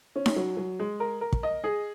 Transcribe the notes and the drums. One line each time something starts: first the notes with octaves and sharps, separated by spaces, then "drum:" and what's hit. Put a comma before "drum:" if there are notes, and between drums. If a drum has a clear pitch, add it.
C#4
drum: snare D#4
F#3
F#3
G#3
A#4
A#4
drum: kick
D#5
G#4